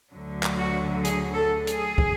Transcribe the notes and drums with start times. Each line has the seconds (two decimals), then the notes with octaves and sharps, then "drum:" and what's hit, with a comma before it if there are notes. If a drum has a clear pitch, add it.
0.12 D2 D3 F#3
0.43 drum: clap
0.58 F#4
1.05 G#4, drum: hi-hat
1.35 A4
1.67 G#4, drum: hi-hat
1.98 drum: kick